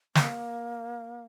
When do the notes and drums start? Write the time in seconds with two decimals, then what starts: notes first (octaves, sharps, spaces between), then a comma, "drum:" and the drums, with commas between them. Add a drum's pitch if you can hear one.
0.15 A#3, drum: snare